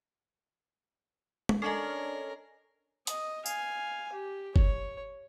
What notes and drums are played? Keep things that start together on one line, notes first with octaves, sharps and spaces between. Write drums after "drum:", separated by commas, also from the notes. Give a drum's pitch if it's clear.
drum: tom
C#4 D4 A4 A#4 C#5 D#5
D#5, drum: hi-hat
F5 G#5, drum: tambourine
G4
C#5, drum: kick F#1